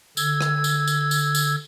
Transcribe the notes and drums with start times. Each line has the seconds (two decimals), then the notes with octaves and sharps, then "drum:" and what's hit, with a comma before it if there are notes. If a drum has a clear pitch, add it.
0.17 D3 E6 G#6, drum: tambourine
0.41 drum: rim click
0.64 drum: tambourine
0.88 drum: tambourine
1.11 drum: tambourine
1.35 drum: tambourine